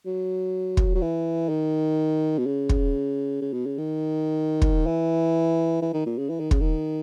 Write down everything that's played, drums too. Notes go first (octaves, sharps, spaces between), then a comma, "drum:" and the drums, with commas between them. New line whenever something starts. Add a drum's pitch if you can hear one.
F#3
drum: kick
F#3
E3
D#3
B2
C#3
drum: kick
C#3
B2
C#3
D#3
drum: kick
E3
E3
D#3
A#2
C#3
E3
D#3
C#3, drum: kick
D#3